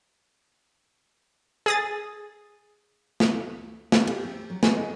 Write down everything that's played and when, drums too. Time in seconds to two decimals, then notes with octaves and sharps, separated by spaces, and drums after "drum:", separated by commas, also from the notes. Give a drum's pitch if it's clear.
1.66 G#4 D#6 A6
3.20 drum: snare
3.92 G4, drum: snare
4.07 G4, drum: cymbal
4.23 C4
4.50 F#3
4.63 G#4, drum: snare
4.76 D#5